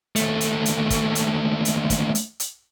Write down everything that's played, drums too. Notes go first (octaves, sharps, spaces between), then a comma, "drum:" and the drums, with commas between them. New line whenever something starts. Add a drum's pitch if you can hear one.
D#2 A3, drum: hi-hat
drum: hi-hat
drum: hi-hat
drum: kick, hi-hat
drum: hi-hat
drum: hi-hat
drum: kick, hi-hat
drum: hi-hat
drum: hi-hat